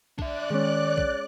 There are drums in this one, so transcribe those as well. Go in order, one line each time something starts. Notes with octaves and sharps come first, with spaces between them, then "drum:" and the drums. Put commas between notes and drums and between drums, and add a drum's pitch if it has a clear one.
D4 D5 E5 F#6, drum: kick
D#3 G#3 C#4
drum: kick